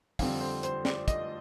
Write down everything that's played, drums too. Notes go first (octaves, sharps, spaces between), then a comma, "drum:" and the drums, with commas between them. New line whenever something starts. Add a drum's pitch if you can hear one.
F2 D3 G3 C4 F5, drum: kick, open hi-hat
C5
C5, drum: hi-hat
D5, drum: snare
D#5, drum: kick, hi-hat